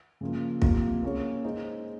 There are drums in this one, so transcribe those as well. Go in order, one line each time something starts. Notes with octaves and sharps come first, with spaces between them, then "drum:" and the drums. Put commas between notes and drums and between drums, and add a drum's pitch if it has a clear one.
C#3 F3 A#3
C3 F3 A#3, drum: kick
A#3 C#4 G#4 C#5
G#3 D#4 G#4 C5